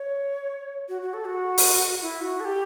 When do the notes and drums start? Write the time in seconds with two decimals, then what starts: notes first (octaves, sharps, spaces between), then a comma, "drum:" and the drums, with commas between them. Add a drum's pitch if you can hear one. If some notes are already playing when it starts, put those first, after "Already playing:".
Already playing: C#5
0.89 F#4
1.02 F#4
1.14 A4
1.26 F#4
1.58 drum: open hi-hat
2.02 E4
2.21 F#4
2.40 A4
2.45 G4